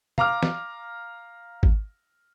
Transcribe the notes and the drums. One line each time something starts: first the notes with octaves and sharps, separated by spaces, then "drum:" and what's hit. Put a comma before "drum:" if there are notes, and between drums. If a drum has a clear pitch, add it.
F5 A#5 D6 F6, drum: tom
drum: snare
drum: kick G#1